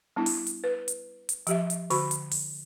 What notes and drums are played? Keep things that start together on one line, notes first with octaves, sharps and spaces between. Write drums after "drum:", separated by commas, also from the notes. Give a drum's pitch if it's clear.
G3 B3 D4 E4
drum: open hi-hat
drum: hi-hat
B4
drum: hi-hat
drum: hi-hat
F3 G4 E5, drum: hi-hat
drum: hi-hat
D3 F#4 B5, drum: open hi-hat
drum: hi-hat
drum: open hi-hat